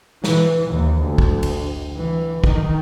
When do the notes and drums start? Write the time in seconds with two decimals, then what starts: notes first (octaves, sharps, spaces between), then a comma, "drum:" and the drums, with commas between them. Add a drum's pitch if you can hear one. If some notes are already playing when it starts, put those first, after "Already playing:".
0.24 E3, drum: snare
0.70 D#2
1.03 D2
1.18 drum: kick
1.43 drum: cymbal
1.95 E3
2.44 D#3, drum: kick